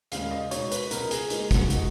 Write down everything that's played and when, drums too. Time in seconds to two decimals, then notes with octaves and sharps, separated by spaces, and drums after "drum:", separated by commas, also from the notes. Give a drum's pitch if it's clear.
0.12 D#2 C#3 G#3 C#4 F5, drum: hi-hat
0.31 D#5
0.51 B2 G#3 D#4 C#5, drum: hi-hat
0.71 B4, drum: hi-hat
0.91 C#2 B2 F#3 B3 A#4, drum: hi-hat
1.11 G#4, drum: hi-hat
1.30 A#2 G#3 D#4, drum: hi-hat
1.51 F#4, drum: kick, hi-hat
1.70 B2 G#3 D#4 F#4, drum: hi-hat